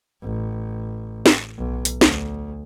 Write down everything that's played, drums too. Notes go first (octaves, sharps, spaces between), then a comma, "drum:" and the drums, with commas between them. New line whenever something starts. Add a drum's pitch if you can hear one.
A1
drum: snare
B1
drum: hi-hat
D2, drum: snare